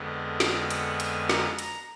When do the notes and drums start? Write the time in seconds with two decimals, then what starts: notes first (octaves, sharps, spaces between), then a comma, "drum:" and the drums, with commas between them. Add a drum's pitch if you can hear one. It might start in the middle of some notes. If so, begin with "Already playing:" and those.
Already playing: F2 D3 G#3 B3
0.40 A#5, drum: snare
0.70 F#5, drum: hi-hat
1.00 G#5, drum: hi-hat
1.29 A#5, drum: snare
1.59 A#5, drum: hi-hat